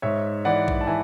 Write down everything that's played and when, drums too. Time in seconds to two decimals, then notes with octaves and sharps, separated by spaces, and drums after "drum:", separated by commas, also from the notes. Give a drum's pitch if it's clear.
0.02 G#2 C#5 E5
0.45 E3 D5 F#5
0.68 drum: kick A#1
0.81 A5
0.87 E3 E5 G#5